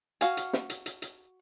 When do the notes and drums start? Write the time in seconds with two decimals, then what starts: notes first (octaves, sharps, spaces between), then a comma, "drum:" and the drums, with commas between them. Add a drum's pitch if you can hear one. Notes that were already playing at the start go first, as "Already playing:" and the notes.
0.21 F#4 F5 G#5, drum: hi-hat
0.37 drum: hi-hat
0.53 drum: snare
0.70 drum: hi-hat
0.86 drum: hi-hat
1.02 drum: hi-hat